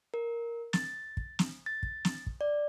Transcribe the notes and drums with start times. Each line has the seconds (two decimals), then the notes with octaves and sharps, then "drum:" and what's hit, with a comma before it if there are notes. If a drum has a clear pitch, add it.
0.14 A#4
0.73 A6, drum: snare
1.17 drum: kick
1.39 drum: snare
1.66 A6
1.83 drum: kick
2.05 drum: snare
2.27 drum: kick
2.41 D5